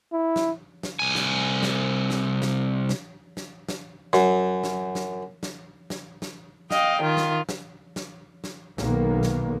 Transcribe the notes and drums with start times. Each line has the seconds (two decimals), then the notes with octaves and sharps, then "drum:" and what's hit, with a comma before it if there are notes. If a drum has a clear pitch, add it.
0.13 E4
0.36 drum: snare
0.83 drum: snare
0.99 C2 G#5
1.15 drum: snare
1.63 drum: snare
2.10 drum: snare
2.42 drum: snare
2.89 drum: snare
3.37 drum: snare
3.69 drum: snare
4.13 F#2, drum: snare
4.64 drum: snare
4.95 drum: snare
5.43 drum: snare
5.90 drum: snare
6.22 drum: snare
6.71 D#5 F5 G5, drum: snare
7.01 D#3 F4
7.17 drum: snare
7.49 drum: snare
7.96 drum: snare
8.44 drum: snare
8.78 B1 B2 D#3 A#3 B3, drum: snare
9.23 drum: snare